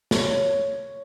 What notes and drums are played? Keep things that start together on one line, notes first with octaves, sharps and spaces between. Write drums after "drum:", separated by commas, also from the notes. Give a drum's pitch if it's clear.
C#5, drum: snare